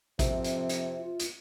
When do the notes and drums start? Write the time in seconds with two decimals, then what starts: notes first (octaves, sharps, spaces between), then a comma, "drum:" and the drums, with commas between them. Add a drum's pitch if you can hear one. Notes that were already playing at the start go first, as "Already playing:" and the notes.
0.19 F2 C3 E5, drum: kick A1, hi-hat
0.44 drum: hi-hat
0.69 drum: hi-hat
0.99 F4
1.19 drum: hi-hat